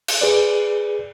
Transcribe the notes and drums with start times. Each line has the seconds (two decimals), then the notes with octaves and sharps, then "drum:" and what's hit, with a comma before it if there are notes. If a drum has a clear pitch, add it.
0.08 drum: cymbal
0.21 G#4 B4 D5